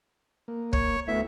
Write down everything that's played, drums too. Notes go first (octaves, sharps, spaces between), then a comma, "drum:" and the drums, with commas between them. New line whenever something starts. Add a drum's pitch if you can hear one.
A#3
C#5, drum: kick
D2 A3 B3 E4 E5